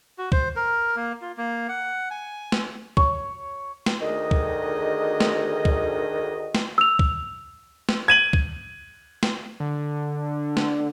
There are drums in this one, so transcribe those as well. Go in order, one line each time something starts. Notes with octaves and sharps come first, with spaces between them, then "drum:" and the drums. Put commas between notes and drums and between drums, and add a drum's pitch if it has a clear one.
F#4
C5, drum: kick
A#4
A#3
F4
A#3
F#5
G#5
drum: snare
C#5, drum: kick
drum: snare
D2 D#3 G#4 D#5
drum: kick
drum: snare
drum: kick
drum: snare
E6 F7
drum: kick
drum: snare
G#6 D#7 F#7
drum: kick
drum: snare
D3
drum: snare